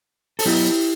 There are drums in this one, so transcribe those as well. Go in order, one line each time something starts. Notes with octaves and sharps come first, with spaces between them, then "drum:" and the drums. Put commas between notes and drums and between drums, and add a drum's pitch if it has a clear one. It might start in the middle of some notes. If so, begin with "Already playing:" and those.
A4, drum: open hi-hat
F#3 B3 D#4 E4 G4